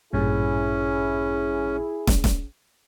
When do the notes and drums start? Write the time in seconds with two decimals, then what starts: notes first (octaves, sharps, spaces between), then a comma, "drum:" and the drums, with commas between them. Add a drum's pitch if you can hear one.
0.13 A1 G2 A#2 C#4 E4 G#4
2.07 drum: snare
2.24 drum: snare